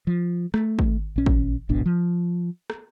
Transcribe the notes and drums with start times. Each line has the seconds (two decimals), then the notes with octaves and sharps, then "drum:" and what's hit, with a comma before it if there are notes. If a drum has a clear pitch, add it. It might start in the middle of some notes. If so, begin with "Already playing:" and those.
0.07 F3
0.54 A3, drum: rim click
0.79 drum: kick G#1
1.16 A#1 C#4
1.26 drum: kick G#1
1.69 D#1 G#1 B2 D4
1.86 F3
2.70 drum: rim click